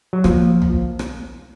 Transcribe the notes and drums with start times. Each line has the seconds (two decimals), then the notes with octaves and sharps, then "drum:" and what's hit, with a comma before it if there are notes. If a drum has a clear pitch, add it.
0.13 F#3
0.24 F3 A#3, drum: rim click
0.62 drum: tom
0.99 drum: rim click